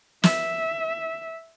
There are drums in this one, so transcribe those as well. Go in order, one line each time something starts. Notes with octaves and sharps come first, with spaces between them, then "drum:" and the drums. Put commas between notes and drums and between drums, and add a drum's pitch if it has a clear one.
E5, drum: snare